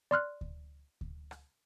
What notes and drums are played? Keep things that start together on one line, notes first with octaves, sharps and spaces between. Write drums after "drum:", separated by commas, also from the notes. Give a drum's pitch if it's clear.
D5 C6 F6 F#6
drum: kick D2
drum: kick D2
drum: rim click